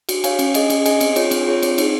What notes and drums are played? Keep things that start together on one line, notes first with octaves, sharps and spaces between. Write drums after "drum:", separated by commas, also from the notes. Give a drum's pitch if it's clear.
F#4, drum: cymbal
C#5 F5 G#5, drum: cymbal
C#4, drum: cymbal
G#4 D#5 G#5, drum: cymbal
C#4, drum: cymbal
G#4 D#5 G#5, drum: cymbal
C4, drum: cymbal
F4 G#4 C#5, drum: cymbal
C4, drum: cymbal
F4 G#4 C#5
C4, drum: cymbal
D#4 G#4, drum: cymbal